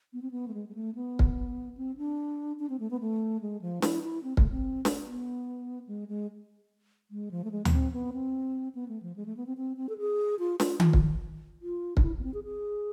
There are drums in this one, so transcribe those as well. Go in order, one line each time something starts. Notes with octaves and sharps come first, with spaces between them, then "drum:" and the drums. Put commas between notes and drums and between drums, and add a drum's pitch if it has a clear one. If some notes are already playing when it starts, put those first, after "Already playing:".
B3
C4
B3
A3
G#3
G#3
A3
B3
drum: kick
C4
D4
D4
C4
A3
B3
A3
G#3
F3
E4, drum: snare
E4
C4
A3, drum: kick
C4
drum: snare
B3
G#3
G#3
G#3
F3
A3
G#3
B3, drum: tom D2
C4
B3
C4
B3
A3
F3
G#3
A3
B3
C4
C4
C4
A4
G#4
F4
F4, drum: snare
F4, drum: tom D#3
drum: kick
F4
D4, drum: kick
E4
B3
C4
G#4
G#4